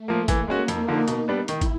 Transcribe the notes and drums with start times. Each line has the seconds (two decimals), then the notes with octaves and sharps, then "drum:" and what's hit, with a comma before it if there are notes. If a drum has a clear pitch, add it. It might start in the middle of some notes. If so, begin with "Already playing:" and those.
Already playing: A3
0.08 F3 A#3
0.28 E3 A#3, drum: kick, hi-hat
0.48 G#3 C#4 F#4
0.68 F2 D#4, drum: hi-hat
0.88 D3 F3 A#3
1.08 B2, drum: hi-hat
1.28 G3 B3 D4
1.48 D#3 E4, drum: hi-hat
1.61 drum: kick, hi-hat